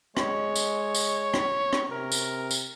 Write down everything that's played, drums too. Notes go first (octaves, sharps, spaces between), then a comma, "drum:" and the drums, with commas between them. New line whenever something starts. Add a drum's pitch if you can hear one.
G#3 C#5, drum: rim click
drum: tambourine
drum: tambourine
drum: rim click
drum: rim click
C3 A#4
drum: tambourine
drum: tambourine